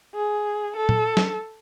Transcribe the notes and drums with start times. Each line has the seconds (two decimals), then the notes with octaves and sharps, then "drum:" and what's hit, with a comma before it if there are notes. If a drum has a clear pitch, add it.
0.15 G#4
0.77 A4
0.89 drum: tom A#2
1.17 drum: snare